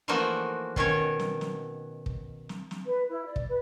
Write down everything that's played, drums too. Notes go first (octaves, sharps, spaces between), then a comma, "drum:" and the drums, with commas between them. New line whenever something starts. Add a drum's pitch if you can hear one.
E3 F3 A3 A#3 D#4 F#4
B2 D#3 C#4 C#5, drum: kick
drum: snare
drum: snare
drum: kick
drum: snare
drum: snare
B4
E4
D5
drum: kick
B4